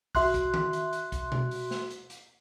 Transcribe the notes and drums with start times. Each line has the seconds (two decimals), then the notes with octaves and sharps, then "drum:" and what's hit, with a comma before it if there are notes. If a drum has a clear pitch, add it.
0.15 F#4 E5 C6 F#6, drum: kick, open hi-hat
0.34 drum: kick, hi-hat
0.54 drum: tom D#3
0.73 drum: hi-hat
0.93 drum: hi-hat
1.12 drum: kick, hi-hat
1.32 drum: tom B2
1.51 drum: open hi-hat
1.71 drum: snare
1.90 drum: hi-hat
2.10 drum: hi-hat